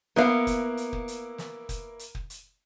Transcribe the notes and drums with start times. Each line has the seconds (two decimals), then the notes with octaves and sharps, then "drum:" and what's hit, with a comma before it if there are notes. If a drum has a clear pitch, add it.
0.16 A#3 B3 E4 A#4 F5, drum: snare
0.47 drum: kick, hi-hat
0.77 drum: hi-hat
0.93 drum: kick
1.08 drum: hi-hat
1.38 drum: snare
1.69 drum: kick, hi-hat
1.99 drum: hi-hat
2.15 drum: kick
2.30 drum: hi-hat